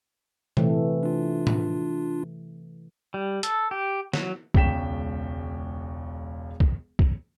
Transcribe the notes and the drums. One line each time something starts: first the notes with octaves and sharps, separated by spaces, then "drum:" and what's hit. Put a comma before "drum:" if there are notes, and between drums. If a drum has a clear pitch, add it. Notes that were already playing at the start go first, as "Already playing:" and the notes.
C3 E3 A3, drum: tom A#2
D4 F4
drum: tom A2
G3
A4, drum: hi-hat
G4
F#3, drum: snare
E1 C#2 G5 B6 E7, drum: kick
drum: kick
drum: kick